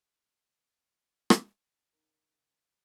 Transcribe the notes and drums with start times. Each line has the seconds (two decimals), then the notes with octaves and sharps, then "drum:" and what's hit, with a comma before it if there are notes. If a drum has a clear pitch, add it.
1.30 drum: rim click
1.93 C#3 D#4 A#4